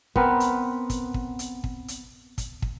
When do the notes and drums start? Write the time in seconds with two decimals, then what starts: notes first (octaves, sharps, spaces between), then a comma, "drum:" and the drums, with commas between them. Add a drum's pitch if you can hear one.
0.16 B3 C4 A#4 B4, drum: kick
0.40 drum: hi-hat
0.90 drum: kick, hi-hat
1.14 drum: kick
1.39 drum: hi-hat
1.64 drum: kick
1.88 drum: hi-hat
2.38 drum: kick, hi-hat
2.62 drum: kick